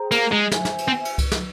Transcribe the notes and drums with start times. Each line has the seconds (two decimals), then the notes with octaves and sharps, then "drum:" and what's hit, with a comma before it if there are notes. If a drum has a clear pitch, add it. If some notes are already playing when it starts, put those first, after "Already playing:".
Already playing: G#4 C5 G5 A#5
0.11 A#3, drum: cymbal
0.32 G#3
0.52 C5 E5 G#5, drum: snare
0.65 drum: snare
0.78 drum: cymbal
0.88 C4
1.05 drum: cymbal
1.18 drum: kick C2, cymbal
1.32 drum: snare